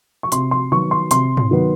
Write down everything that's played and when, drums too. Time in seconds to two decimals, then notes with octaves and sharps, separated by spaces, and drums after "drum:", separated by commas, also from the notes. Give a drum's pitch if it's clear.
0.23 C#6
0.32 C3 C6, drum: hi-hat
0.51 C6
0.72 D#3 F#3 B3 C#6
0.91 C6
1.11 C3 C6, drum: hi-hat
1.37 drum: tom
1.51 D#3 F#3 B3